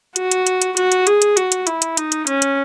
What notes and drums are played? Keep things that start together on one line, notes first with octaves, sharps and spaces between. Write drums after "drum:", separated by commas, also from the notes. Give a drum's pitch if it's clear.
F#4, drum: hi-hat
drum: hi-hat
drum: hi-hat
drum: hi-hat
F#4, drum: hi-hat
drum: hi-hat
G#4, drum: hi-hat
drum: hi-hat
F#4, drum: hi-hat
drum: hi-hat
E4, drum: hi-hat
drum: hi-hat
D#4, drum: hi-hat
drum: hi-hat
C#4, drum: hi-hat
drum: hi-hat